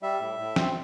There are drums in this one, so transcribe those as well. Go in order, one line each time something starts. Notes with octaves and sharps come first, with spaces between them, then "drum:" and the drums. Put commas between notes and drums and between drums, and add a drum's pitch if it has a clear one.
G3 E5
A2
A2
C4, drum: snare